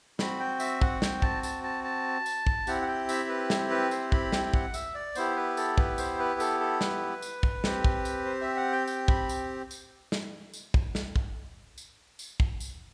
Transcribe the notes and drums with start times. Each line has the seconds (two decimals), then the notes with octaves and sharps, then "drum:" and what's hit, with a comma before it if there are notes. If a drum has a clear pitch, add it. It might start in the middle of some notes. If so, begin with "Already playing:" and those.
0.19 C4 F#4 B5, drum: snare
0.40 G5
0.60 E5, drum: tambourine
0.81 F#5, drum: kick
1.02 G5, drum: snare
1.22 A5, drum: kick
1.43 A5, drum: tambourine
1.64 A5
1.84 A5
2.26 drum: tambourine
2.47 drum: kick
2.67 C4 E4 G4 F#5, drum: tambourine
2.82 F#5
2.88 G5
3.09 E5, drum: tambourine
3.29 B4
3.50 drum: snare
3.71 B4
3.91 C5, drum: tambourine
4.12 B5, drum: kick
4.32 G5, drum: snare
4.46 G5
4.54 F#5, drum: kick
4.74 E5, drum: tambourine
4.95 D5
5.15 B3 E4 G4 C5, drum: tambourine
5.36 B4
5.57 A4, drum: tambourine
5.78 B4, drum: kick
5.98 C5, drum: tambourine
6.19 B4
6.40 A4, drum: tambourine
6.60 A4
6.81 B4, drum: snare
7.22 drum: tambourine
7.43 drum: kick
7.64 C4 G4, drum: snare
7.84 drum: kick
8.05 drum: tambourine
8.26 C5
8.41 E5
8.56 F#5
8.72 G5
8.87 G5, drum: tambourine
9.08 B5, drum: kick
9.29 drum: tambourine
9.71 drum: tambourine
10.12 drum: snare
10.53 drum: tambourine
10.74 drum: kick
10.95 drum: snare
11.16 drum: kick
11.78 drum: tambourine
12.19 drum: tambourine
12.40 drum: kick
12.60 drum: tambourine